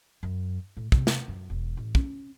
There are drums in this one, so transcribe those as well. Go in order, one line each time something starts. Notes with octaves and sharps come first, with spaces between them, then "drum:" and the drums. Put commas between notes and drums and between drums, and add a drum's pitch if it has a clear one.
F#2
A2
C3, drum: kick
drum: snare
F#2
E1
A1
C#4, drum: kick